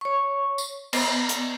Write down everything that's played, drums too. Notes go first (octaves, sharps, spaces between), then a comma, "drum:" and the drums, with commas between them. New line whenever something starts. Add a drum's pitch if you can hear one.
C#5 C#6
drum: tambourine
B3, drum: cymbal
drum: hi-hat